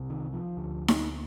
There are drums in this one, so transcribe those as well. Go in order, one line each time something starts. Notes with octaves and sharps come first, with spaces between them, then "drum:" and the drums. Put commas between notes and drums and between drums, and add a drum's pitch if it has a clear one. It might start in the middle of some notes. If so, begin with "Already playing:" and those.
Already playing: C2 C3
D#3
F3
D2 D3
drum: snare D#4